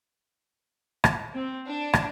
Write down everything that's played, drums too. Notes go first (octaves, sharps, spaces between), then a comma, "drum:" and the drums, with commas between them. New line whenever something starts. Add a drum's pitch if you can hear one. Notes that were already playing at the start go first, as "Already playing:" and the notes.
drum: rim click
C4
D4
drum: rim click